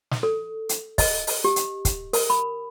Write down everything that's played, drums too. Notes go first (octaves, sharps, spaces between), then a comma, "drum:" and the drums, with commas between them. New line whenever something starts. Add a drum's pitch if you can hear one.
drum: snare
A4
drum: hi-hat
D#5, drum: kick, open hi-hat
drum: open hi-hat
G4
drum: hi-hat
drum: kick, hi-hat
A#4, drum: open hi-hat
B5